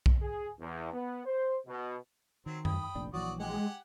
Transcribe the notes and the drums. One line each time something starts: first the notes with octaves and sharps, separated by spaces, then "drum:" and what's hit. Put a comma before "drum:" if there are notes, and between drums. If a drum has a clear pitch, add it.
drum: kick B1
G#4
E2
B3
C5
B2
D#3 F#3 C4
G5 B5 D#6, drum: tom
F1 A#1 D4
A#1 E3 F#3 F#4 D5 D#6
G#3 G4 F#5 G#5